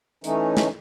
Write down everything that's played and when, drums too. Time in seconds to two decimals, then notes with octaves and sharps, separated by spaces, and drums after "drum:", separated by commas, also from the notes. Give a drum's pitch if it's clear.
0.24 E3 A3 C#4 D#4, drum: hi-hat
0.57 drum: snare